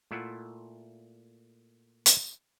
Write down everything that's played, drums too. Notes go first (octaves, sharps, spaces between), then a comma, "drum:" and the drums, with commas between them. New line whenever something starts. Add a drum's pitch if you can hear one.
A#2 A3 E4 F4 E5 F#5
drum: hi-hat